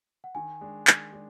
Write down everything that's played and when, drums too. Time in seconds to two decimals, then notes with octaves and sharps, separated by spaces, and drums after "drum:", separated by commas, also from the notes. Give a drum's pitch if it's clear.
0.24 F#5
0.35 D#3 G#5
0.61 G#3 D4
0.87 D#3, drum: clap
1.13 G#3 D4